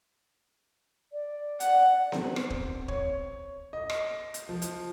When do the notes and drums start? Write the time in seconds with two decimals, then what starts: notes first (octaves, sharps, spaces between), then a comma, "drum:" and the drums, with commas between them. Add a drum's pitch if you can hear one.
1.12 D5
1.60 F#5, drum: hi-hat
2.12 C4, drum: snare B3
2.36 drum: rim click
2.50 drum: kick
2.88 C#5, drum: kick
3.73 D#5
3.90 drum: rim click
4.34 drum: hi-hat
4.49 F3
4.62 drum: hi-hat